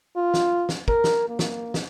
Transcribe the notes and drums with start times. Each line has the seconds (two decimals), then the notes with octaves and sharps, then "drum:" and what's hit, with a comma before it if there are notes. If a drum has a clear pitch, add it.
0.16 F4
0.34 drum: snare
0.69 drum: snare
0.88 A#4, drum: kick
1.04 drum: snare
1.29 A#3
1.39 drum: snare
1.74 drum: snare